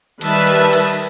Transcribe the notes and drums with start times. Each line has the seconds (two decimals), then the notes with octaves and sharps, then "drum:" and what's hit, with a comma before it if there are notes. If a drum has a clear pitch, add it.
0.21 D#3 G3 B4 E5 A5, drum: cymbal
0.47 drum: cymbal
0.73 drum: cymbal